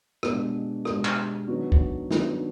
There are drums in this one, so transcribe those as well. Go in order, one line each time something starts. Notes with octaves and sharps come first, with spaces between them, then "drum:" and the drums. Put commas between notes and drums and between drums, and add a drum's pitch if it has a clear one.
B2 G#3 B3 D4 G4, drum: rim click
B2 G#3 B3 D4 G4, drum: rim click
drum: clap
D#3 F#3 B3 D4 F#4
drum: kick
D#3 F#3 B3 D4 F#4, drum: snare